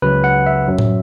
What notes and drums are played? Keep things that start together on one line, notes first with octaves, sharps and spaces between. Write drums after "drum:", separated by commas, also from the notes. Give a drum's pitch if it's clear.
C#2 C#3 F#3 B4
F#5
E5
F#2 F#3
drum: tom A2